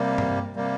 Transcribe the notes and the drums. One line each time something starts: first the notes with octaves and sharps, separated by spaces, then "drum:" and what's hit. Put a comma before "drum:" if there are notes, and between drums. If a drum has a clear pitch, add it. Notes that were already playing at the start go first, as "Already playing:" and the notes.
Already playing: C3 G3 A#3
drum: tom G2
C3 G3 A#3